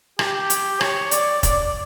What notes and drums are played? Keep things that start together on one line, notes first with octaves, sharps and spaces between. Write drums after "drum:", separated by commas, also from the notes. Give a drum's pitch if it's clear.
G4, drum: rim click
drum: hi-hat
C#5, drum: rim click
D5, drum: hi-hat
D5, drum: kick F1, hi-hat